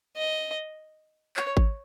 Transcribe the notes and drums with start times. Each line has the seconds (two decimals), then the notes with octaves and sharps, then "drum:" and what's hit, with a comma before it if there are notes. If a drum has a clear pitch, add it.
0.17 D#5
1.36 C#5, drum: clap
1.57 drum: kick G#1